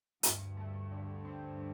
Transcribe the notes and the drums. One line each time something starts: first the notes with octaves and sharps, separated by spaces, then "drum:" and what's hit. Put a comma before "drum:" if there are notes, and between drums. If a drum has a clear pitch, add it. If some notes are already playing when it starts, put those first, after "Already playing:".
D2 G2, drum: hi-hat
A3
D3
C4